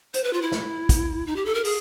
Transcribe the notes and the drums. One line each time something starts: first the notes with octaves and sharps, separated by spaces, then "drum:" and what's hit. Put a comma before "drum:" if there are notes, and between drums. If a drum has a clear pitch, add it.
C5, drum: hi-hat
B4
F4
E4
drum: snare
drum: kick, hi-hat
D#4
G4
A4
A#4
G#4, drum: open hi-hat